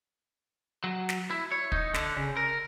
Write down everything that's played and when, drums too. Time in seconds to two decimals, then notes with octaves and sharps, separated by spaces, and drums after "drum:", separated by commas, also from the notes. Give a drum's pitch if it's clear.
0.84 F#3
1.09 drum: snare
1.30 E4
1.52 C#5
1.72 D#4, drum: kick
1.94 D3, drum: snare
2.17 C#3
2.37 A#4